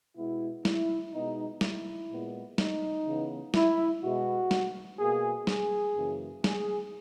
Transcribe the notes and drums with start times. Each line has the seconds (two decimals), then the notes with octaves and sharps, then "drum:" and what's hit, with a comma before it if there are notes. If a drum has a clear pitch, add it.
0.16 B2 G#3 B3 E4
0.65 E4, drum: snare
1.13 B2 G#3 B3 D#4
1.61 E4, drum: snare
2.09 A#2 G#3 B3
2.58 D#4, drum: snare
3.06 C#3 E3 B3
3.54 E4, drum: snare
4.03 B2 G#3 B3 F#4
4.51 drum: snare
4.99 B2 A#3 G#4
5.47 G#4, drum: snare
5.96 F#2 C#3 E3 A#3
6.44 G#4, drum: snare